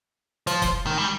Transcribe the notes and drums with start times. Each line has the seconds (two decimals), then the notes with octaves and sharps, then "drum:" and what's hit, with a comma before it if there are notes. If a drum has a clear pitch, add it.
0.47 F3, drum: hi-hat
0.62 drum: kick F1, hi-hat
0.87 D#3
0.98 G3